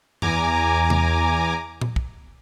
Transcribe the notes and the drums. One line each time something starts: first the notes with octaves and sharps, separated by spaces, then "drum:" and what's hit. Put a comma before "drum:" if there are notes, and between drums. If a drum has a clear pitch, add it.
E2 G#5 A#5 D6, drum: tom F#2
drum: tom C3
drum: tom A#2
drum: kick